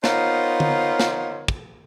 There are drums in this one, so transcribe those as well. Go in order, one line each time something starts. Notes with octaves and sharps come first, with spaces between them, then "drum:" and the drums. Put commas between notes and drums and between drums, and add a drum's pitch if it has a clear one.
B3 D#4 F4 A#4 C5 C#5, drum: snare
drum: tom D3
drum: snare
drum: kick